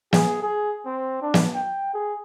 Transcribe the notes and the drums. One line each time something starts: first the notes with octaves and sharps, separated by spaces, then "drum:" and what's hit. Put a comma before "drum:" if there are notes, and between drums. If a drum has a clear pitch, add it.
G#4, drum: snare
G#4
C4
D4
drum: snare
G5
G#4